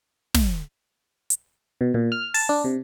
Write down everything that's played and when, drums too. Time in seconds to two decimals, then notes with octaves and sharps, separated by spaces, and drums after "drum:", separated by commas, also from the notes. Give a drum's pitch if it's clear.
0.34 drum: snare
1.30 drum: hi-hat
1.81 B2
1.94 A#2
2.12 F6
2.34 A5, drum: open hi-hat
2.49 D4
2.64 C3